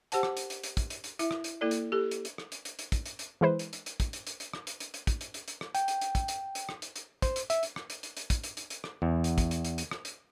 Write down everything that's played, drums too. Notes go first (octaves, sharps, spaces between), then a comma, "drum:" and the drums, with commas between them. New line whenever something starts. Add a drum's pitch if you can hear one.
G4 C5 F#5 A5, drum: hi-hat
drum: rim click
drum: hi-hat
drum: hi-hat
drum: hi-hat
drum: kick, hi-hat
drum: hi-hat
drum: hi-hat
E4 E5, drum: hi-hat
drum: rim click
drum: hi-hat
A#3 E4 A4 D5
drum: hi-hat
G4 A4
drum: hi-hat
drum: hi-hat
drum: rim click
drum: hi-hat
drum: hi-hat
drum: hi-hat
drum: kick, hi-hat
drum: hi-hat
drum: hi-hat
E3 G#3 E4 B4 C5
drum: hi-hat
drum: hi-hat
drum: hi-hat
drum: kick, hi-hat
drum: hi-hat
drum: hi-hat
drum: hi-hat
drum: rim click
drum: hi-hat
drum: hi-hat
drum: hi-hat
drum: kick, hi-hat
drum: hi-hat
drum: hi-hat
drum: hi-hat
drum: rim click
G5, drum: hi-hat
drum: hi-hat
drum: hi-hat
drum: kick, hi-hat
drum: hi-hat
drum: hi-hat
drum: rim click
drum: hi-hat
drum: hi-hat
C5, drum: kick, hi-hat
drum: hi-hat
E5, drum: hi-hat
drum: hi-hat
drum: rim click
drum: hi-hat
drum: hi-hat
drum: hi-hat
drum: kick, hi-hat
drum: hi-hat
drum: hi-hat
drum: hi-hat
drum: rim click
E2
drum: hi-hat
drum: kick, hi-hat
drum: hi-hat
drum: hi-hat
drum: hi-hat
drum: rim click
drum: hi-hat